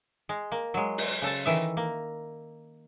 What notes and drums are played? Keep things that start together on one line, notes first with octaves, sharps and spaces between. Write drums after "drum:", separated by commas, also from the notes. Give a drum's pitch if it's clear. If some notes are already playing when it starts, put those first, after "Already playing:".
G#3
A#3
F#3 G#3
drum: open hi-hat
C#3 A4 A5
D#3 E3 E5
A#3